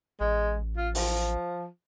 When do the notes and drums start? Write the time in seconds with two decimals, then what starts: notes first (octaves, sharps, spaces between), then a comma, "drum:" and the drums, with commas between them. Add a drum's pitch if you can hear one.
0.20 A1 G#3
0.77 F4
0.95 F3, drum: open hi-hat